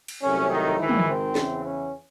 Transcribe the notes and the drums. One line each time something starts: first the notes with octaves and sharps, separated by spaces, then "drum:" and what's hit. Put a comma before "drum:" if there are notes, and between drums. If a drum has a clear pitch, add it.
drum: cymbal
C2 C3 F#3 A3 C#4
D#3 D#4
G#1 G#2 D#3 E3 G#3 E4
drum: tom
C4
E2 C#3 E3, drum: snare
C#4